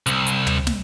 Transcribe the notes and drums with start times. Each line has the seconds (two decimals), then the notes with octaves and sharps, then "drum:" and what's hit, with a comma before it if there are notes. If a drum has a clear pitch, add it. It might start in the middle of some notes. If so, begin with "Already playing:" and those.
0.06 C2, drum: hi-hat
0.27 drum: hi-hat
0.47 drum: tom
0.67 drum: snare